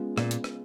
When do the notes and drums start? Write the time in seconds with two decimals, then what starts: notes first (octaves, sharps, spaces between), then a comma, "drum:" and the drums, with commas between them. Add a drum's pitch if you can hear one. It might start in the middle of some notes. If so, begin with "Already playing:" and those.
Already playing: C#3 G#3 B3 F4
0.18 A#2, drum: rim click
0.31 drum: hi-hat
0.44 drum: rim click